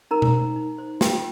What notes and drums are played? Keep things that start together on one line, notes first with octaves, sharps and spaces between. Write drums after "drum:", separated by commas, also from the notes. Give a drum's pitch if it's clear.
D#4 A#4 A#5
drum: tom B2
C5
D#4
C5
F4 G4 G5, drum: snare